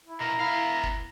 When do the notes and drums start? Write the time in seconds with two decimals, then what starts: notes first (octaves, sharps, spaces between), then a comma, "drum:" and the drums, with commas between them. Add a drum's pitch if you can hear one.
0.05 E4
0.20 B2 A#3 A#5
0.40 B3 E4 F5
0.83 drum: kick